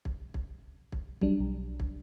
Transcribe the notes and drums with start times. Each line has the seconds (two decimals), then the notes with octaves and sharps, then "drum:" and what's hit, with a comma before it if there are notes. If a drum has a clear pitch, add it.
0.05 drum: kick
0.34 drum: kick
0.92 drum: kick
1.21 F#3 G3 D4, drum: kick
1.40 B1
1.80 drum: kick